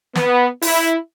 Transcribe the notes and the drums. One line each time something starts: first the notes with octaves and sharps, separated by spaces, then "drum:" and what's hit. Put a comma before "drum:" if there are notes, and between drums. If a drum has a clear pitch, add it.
B3, drum: snare
E4, drum: open hi-hat